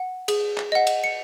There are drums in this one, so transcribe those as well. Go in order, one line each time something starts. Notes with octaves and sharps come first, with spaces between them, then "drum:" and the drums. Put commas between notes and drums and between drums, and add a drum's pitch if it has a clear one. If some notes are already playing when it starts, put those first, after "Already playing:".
Already playing: F#5
G#4, drum: cymbal
drum: clap
D#5 F#5
drum: cymbal
C#7